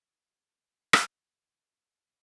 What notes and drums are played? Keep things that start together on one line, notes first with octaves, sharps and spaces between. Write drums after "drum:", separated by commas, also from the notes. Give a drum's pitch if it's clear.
D#6 G#6
drum: rim click